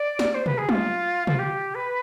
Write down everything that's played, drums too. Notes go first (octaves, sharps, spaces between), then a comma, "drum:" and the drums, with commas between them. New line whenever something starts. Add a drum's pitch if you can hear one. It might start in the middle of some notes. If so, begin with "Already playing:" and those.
Already playing: D5
drum: snare
C5
B4, drum: tom
G#4
F4, drum: tom
F4, drum: tom
G4
B4